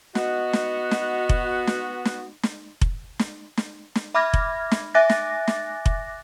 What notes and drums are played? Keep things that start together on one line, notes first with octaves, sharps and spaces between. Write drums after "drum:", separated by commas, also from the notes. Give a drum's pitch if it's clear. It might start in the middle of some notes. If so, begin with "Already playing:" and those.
B3 F#4 D#5, drum: snare
drum: snare
drum: snare
drum: kick F1
drum: snare
drum: snare
drum: snare
drum: kick F1
drum: snare
drum: snare
drum: snare
E5 B5 D6 F6 G#6 A#6
drum: kick F1
drum: snare
E5 G#5 D6 F#6 A6 A#6
drum: snare
drum: snare
drum: kick F1